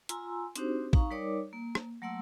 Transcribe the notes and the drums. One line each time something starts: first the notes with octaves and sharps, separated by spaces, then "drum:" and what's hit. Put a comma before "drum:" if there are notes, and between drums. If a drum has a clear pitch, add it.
F4 G#5 A#5 C6 E6, drum: hi-hat
C4 D4 D#4 F#4 G4 C5, drum: hi-hat
D#4 F5 A#5 C#6, drum: kick
G3 D#4 A#4 C#5 D5 D6
A#3
drum: rim click
F#3 A3 A#3 F#5 C6 E6